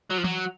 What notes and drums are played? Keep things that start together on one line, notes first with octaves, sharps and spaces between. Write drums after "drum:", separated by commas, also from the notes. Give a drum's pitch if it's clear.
F#3
F3
F#3, drum: tom E3